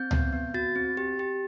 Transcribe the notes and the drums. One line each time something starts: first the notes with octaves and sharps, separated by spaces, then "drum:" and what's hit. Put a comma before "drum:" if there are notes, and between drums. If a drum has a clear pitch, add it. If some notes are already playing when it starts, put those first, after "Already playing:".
Already playing: C4 G6
B3, drum: tom C#2
B3
F#4 A6
C4
G4
G4